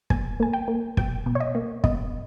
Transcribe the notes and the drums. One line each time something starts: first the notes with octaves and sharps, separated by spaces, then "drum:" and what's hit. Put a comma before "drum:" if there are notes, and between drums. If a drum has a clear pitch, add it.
B2 G#5, drum: kick
A#3 G#5
G5
A#3
B2 G5, drum: kick
B2
C#5
D#5
A#3
B3 D#5, drum: kick